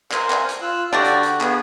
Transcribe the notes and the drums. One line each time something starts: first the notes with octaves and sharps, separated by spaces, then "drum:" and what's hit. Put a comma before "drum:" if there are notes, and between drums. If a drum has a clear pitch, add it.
A#4 C5 G#5, drum: clap
drum: clap
drum: hi-hat
F4 E6 F#6
D3 D4 F#4 G4 D5 G5
drum: hi-hat
drum: hi-hat
B3 G#4, drum: clap